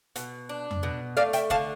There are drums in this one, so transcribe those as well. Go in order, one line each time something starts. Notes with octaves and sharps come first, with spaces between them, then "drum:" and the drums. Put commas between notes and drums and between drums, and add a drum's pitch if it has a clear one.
B2, drum: hi-hat
D4
drum: tom F2
B2
A3 D5 F5
E5 G5, drum: hi-hat
D3 F5 A5, drum: kick